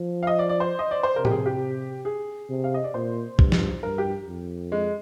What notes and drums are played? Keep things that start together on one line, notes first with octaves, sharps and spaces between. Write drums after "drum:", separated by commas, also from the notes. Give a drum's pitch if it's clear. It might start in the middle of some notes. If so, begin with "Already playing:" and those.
Already playing: F3
F5
D#5
D5
D5
C5
D#5
D5
C5
C3 A#4
G4, drum: tom A2
G#4
G4
G#4
C3
F5
D#5
D5
A#2 C5
G2, drum: kick
drum: snare
G2 A#4
G4
F2
G#3